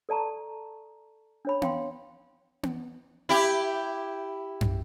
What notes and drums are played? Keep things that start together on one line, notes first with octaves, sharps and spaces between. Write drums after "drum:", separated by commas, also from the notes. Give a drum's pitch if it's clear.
A4 D5 A5 A#5 C#6
D4 C#5 B5
F5 G5 C6, drum: tom B3
drum: tom B3
E4 G4
drum: tom F#2